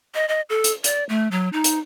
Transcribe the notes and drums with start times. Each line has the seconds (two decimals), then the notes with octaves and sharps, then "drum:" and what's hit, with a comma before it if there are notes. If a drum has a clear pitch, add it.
0.15 D#5
0.28 D#5
0.50 A4
0.64 drum: hi-hat
0.84 D5, drum: hi-hat
1.09 A3
1.31 F#3
1.53 D#4
1.64 drum: hi-hat